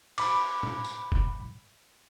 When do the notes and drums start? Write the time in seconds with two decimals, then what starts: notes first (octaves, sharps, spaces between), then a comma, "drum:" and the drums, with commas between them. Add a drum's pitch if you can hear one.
0.18 B5 D6, drum: cymbal
0.63 drum: tom A2
0.84 drum: tambourine
1.12 drum: kick